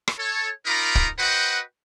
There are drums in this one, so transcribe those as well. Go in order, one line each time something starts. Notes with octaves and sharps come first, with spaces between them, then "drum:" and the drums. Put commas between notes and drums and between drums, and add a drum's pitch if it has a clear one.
drum: rim click
A4 C#5
D#4 F4 A#4 A#5 B5 D6
drum: kick
F#4 B4 C5 D#5 F#5 G5